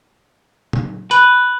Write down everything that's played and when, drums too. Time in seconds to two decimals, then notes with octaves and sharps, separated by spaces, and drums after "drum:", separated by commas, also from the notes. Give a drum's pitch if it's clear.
0.73 drum: tom A#2
1.11 B4, drum: hi-hat